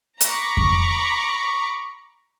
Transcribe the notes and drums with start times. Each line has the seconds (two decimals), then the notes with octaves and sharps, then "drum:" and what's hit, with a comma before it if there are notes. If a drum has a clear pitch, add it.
0.21 A#5 B5 C#6 D6, drum: hi-hat
0.57 drum: kick F2